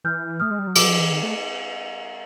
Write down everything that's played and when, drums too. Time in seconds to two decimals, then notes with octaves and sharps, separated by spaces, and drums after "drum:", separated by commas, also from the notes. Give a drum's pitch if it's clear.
0.04 E3 F6 G6
0.40 A3 D#6 F6
0.51 G#3
0.59 G3
0.67 F#3
0.75 F3 D6 E6, drum: cymbal
0.83 F#3
0.88 F3
0.99 E3
1.11 D#3
1.23 A3